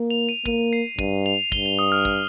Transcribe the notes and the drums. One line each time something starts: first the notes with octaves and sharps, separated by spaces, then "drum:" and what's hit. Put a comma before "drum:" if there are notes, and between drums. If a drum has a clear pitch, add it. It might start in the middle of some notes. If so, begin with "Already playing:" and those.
Already playing: A#3
F7
D#7
A#3 D#7, drum: kick
C7
G2 D#7, drum: kick
F7
G2 G7, drum: kick
F7
D#6
F6
drum: kick